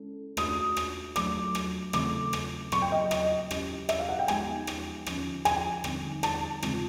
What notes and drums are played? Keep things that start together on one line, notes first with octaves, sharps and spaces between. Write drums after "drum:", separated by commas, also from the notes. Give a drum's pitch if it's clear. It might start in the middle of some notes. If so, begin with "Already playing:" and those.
Already playing: G#3 C#4 E4 A4
A3 D4 F#4 D#6, drum: rim click
drum: rim click
F#3 A3 D4 D6, drum: rim click
drum: rim click
C#3 E3 A3 C4 D6, drum: rim click
drum: rim click
A#2 F#3 A3 C4 C#6, drum: rim click
G5
D#5
D#5, drum: rim click
E3 G#3 C#4 E4 G4, drum: rim click
E5, drum: rim click
F5
F#5
G5
F3 G#3 B3 D#4 G4 G#5, drum: rim click
drum: rim click
D3 F3 G#3 C#4, drum: rim click
G#5, drum: rim click
D3 G3 C4 D#4, drum: rim click
A5, drum: rim click
C#3 E3 G#3 C4 F4, drum: rim click